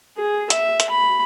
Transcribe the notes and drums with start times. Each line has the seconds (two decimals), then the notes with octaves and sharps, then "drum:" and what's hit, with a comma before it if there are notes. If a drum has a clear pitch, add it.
0.17 G#4
0.50 E5, drum: hi-hat
0.80 drum: hi-hat
0.90 B5